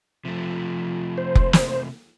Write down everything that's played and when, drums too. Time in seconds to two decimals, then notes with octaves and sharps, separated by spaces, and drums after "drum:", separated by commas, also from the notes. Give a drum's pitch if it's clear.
0.25 C3 F3 A3
1.18 C5
1.35 drum: kick F1
1.53 drum: snare